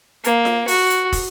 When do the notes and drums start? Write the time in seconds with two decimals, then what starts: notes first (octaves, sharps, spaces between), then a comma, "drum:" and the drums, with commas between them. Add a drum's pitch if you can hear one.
0.24 A#3, drum: hi-hat
0.45 drum: snare F4
0.68 F#4, drum: open hi-hat
0.90 drum: hi-hat
1.12 drum: kick, open hi-hat